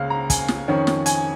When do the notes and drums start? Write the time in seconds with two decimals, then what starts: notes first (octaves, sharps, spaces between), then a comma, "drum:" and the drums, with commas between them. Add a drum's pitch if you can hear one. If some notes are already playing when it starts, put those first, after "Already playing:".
Already playing: C#2 C#3 A#3 C#4 F5
0.10 A#5
0.30 G#5, drum: kick, hi-hat
0.48 drum: snare
0.68 F2 D#3 C#4
0.87 drum: snare
1.06 G#5, drum: hi-hat